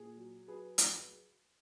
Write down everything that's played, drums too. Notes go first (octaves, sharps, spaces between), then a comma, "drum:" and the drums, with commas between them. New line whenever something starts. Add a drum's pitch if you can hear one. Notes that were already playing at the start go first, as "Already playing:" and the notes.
Already playing: A#2 G#4
F#3
F#3 G#4 B4
drum: hi-hat